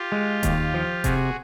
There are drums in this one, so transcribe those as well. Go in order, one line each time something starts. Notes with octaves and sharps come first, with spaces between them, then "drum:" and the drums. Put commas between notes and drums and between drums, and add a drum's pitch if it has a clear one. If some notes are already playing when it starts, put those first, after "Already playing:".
Already playing: F4 G4
G#3
D#2, drum: kick E1, hi-hat
F3
C3 F#4 G#4, drum: kick E1, hi-hat